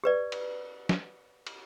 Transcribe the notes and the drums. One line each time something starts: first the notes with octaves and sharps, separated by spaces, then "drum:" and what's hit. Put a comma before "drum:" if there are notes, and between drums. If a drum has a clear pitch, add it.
G4 B4 D5
drum: cymbal
drum: snare
drum: cymbal